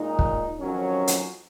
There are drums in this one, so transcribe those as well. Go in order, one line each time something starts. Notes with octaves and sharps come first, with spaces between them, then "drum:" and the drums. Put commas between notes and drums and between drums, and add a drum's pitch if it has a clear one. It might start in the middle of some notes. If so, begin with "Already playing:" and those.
Already playing: A#2 G#3 D#4
drum: kick
F2 D#3 F#3 C#4
drum: hi-hat